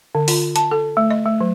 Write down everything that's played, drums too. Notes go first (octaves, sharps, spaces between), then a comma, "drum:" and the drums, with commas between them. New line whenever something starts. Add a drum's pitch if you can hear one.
D3
F4, drum: open hi-hat
A5, drum: hi-hat
A4
A3
D#5
A3
F#3